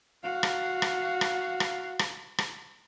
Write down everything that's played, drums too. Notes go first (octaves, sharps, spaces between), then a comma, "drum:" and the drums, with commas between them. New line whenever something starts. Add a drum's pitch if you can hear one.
F#4 F5
drum: rim click
drum: rim click
drum: rim click
drum: rim click
drum: rim click
drum: rim click